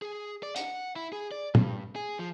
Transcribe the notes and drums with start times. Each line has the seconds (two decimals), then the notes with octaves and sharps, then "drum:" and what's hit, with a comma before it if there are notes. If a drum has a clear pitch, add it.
0.02 G#4
0.43 D5
0.56 F#5, drum: hi-hat
0.96 E4
1.12 G#4
1.31 D5
1.55 G2, drum: tom
1.96 G#4
2.19 F3